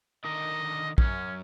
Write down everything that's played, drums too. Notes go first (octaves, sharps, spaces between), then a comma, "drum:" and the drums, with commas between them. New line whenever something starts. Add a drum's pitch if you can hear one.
D3 D#3 A#4 D#5
F#2 C#4, drum: kick A#1